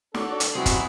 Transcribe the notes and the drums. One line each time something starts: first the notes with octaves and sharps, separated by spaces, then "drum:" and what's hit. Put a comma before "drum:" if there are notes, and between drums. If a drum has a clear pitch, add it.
D4 F#4 A4 C#5 D5, drum: snare
drum: hi-hat
C3 G3 B3 C4 D#4 E4 F#4 G#4
drum: kick, hi-hat